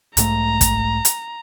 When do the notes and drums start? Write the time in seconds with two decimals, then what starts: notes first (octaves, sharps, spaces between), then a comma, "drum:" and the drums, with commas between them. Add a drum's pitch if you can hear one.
0.17 B1 G#2 A3 A#5, drum: hi-hat
0.61 drum: kick, hi-hat
1.05 drum: hi-hat